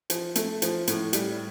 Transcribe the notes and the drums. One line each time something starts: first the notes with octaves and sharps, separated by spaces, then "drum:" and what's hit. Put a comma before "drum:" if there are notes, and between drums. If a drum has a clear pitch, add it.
F3, drum: hi-hat
A3, drum: hi-hat
F3, drum: hi-hat
A2, drum: hi-hat
G3, drum: hi-hat